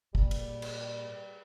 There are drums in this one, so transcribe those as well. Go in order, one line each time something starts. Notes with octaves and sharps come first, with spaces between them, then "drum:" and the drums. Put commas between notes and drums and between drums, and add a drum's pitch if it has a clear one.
A#2 G3, drum: kick
drum: cymbal
drum: cymbal